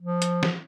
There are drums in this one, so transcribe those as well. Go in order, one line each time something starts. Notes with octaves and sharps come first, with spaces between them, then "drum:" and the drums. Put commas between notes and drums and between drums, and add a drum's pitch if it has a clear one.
F3
drum: hi-hat
drum: snare